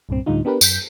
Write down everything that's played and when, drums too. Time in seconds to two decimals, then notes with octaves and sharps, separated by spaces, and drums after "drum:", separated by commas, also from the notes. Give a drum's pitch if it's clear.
0.09 C2 G2 A#2 C4
0.26 D2 A2 D3 G3 D#4 F4
0.45 B3 D4 G4 A#4 B4
0.61 F#2 G6 B6, drum: tambourine